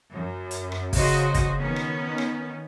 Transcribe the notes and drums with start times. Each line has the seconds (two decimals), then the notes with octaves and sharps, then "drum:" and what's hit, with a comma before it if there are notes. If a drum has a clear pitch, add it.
0.11 F#2
0.51 drum: hi-hat
0.72 drum: rim click
0.93 C#3 F#3 F#4 C5 D#5, drum: kick, open hi-hat
1.34 drum: kick, hi-hat
1.57 D#3 B3 C#4
1.76 drum: rim click
2.18 drum: rim click